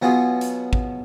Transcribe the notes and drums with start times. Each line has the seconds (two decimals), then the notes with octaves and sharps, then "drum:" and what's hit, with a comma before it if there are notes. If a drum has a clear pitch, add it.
0.02 B2 F#3 B3 F4 G#4
0.41 drum: hi-hat
0.73 drum: kick